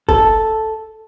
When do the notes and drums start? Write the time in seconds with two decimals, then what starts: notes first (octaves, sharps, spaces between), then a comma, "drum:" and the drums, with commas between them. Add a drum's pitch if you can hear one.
0.09 A4, drum: kick